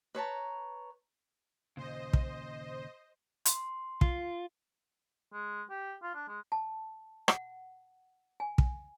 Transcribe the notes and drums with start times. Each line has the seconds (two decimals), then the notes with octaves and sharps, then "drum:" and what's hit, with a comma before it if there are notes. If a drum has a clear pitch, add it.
0.15 B4 C#5 A5 A#5
1.77 D#2 A#2 C#3 C5 D#5
2.13 drum: kick
3.45 C6, drum: hi-hat
4.01 F4, drum: kick
5.33 G#3
5.70 G4
6.03 F4
6.15 D4
6.28 G#3
6.52 A5
7.28 F#5, drum: rim click
8.40 G#5
8.58 drum: kick